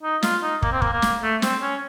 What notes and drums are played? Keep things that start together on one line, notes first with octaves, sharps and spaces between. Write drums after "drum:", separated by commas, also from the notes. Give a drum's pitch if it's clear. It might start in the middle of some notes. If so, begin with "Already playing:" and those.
D#4
F4, drum: snare
D#4
A#3, drum: kick
C4
A#3, drum: kick
A#3
drum: snare
A3
C4, drum: snare
C#4